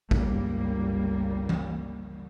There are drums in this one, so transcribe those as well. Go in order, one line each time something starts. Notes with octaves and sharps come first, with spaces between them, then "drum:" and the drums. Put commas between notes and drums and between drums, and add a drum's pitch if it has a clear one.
G1 C#2 G3 A#3, drum: kick A1
drum: tom E3